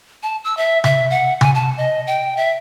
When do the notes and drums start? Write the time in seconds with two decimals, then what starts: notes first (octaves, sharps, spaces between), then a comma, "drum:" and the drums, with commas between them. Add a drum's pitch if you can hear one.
0.23 A5
0.44 E6
0.57 E5
0.84 E5, drum: tom C3
1.10 F#5
1.41 G#5, drum: tom C3
1.55 A5
1.77 D#5
2.07 G5
2.37 E5